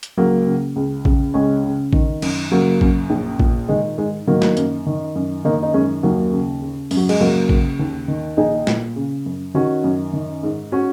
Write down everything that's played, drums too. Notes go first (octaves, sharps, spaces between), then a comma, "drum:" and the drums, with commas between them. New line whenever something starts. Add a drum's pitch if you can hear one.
drum: hi-hat
C#2 F#3 A#3
C#3
C#2
C#3, drum: kick A1
C#2 G#3 C#4
C#3
D#3, drum: kick A1
F#2, drum: cymbal
C#3 F#3 A#3
F#2, drum: kick A1
A#1
A#2, drum: kick A1
D#3 G#3
G#2 G#3
D#3 F#3 A#3
drum: snare
F#2, drum: hi-hat
D#3
F#2
D#3 A#3 D#4
D#4
F#2 G#3 C#4
D#2 F#3 A#3
C#3
C#3
F#2, drum: open hi-hat
F#3
G#3, drum: cymbal
C#2 F#3 A#3
C#3, drum: kick A1
D#2
D#3
A#1 D#4 G#4
A#2, drum: snare
C#3
F#2
D#3 C#4 F#4
F#2
D#3
G#2
C#4 F#4